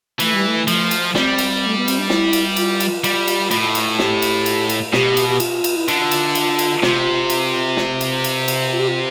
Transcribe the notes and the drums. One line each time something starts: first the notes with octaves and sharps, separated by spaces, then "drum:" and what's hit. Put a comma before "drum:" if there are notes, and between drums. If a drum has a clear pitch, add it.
E3 A3, drum: cymbal
G3
A3
F3, drum: cymbal
drum: cymbal
G3 C4, drum: snare
drum: cymbal
A3
B3
C4, drum: cymbal
D4
E4, drum: snare
drum: cymbal
F4, drum: cymbal
drum: cymbal
G3, drum: cymbal
drum: cymbal
A2, drum: cymbal
drum: cymbal
G4, drum: snare
drum: cymbal
drum: cymbal
drum: cymbal
B2 G4, drum: snare
drum: cymbal
G4
F4, drum: cymbal
drum: cymbal
E4
D3 F4, drum: cymbal
drum: cymbal
drum: cymbal
drum: cymbal
C3, drum: snare
drum: cymbal
drum: snare
drum: cymbal
drum: cymbal
drum: cymbal
F4
G4
F4